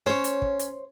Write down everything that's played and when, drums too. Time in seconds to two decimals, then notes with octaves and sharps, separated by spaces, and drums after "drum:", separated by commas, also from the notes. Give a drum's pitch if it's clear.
0.06 C#4 C5 C#5
0.24 drum: hi-hat
0.42 drum: kick
0.59 drum: hi-hat